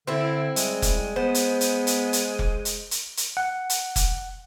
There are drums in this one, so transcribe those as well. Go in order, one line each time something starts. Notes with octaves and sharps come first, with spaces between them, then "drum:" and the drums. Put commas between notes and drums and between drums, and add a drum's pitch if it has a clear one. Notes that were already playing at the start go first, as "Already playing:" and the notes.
D3 C4 E4 E5
G3 G#3, drum: hi-hat
drum: kick F1, hi-hat
B3 C5
drum: hi-hat
drum: hi-hat
drum: hi-hat
drum: hi-hat
drum: kick F1
drum: hi-hat
drum: hi-hat
drum: hi-hat
F#5
drum: hi-hat
drum: kick F1, hi-hat